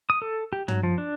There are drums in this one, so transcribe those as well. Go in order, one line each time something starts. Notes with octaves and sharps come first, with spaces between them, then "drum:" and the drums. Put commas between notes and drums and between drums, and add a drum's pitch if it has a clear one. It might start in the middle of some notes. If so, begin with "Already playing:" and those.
D#6
A4
G4
F#3, drum: tom
F3
D4